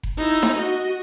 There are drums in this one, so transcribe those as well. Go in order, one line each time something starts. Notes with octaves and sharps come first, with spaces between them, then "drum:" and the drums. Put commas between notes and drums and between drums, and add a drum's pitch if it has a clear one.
drum: kick F1
D#4 E4
drum: snare D#4
F#4 D#5